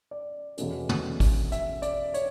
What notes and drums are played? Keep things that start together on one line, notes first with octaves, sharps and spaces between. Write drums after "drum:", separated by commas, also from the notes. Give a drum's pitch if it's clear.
D5
E2 B2 A3 C#4, drum: hi-hat
drum: tom
drum: kick, open hi-hat
E5, drum: hi-hat
D5, drum: hi-hat
C#5, drum: hi-hat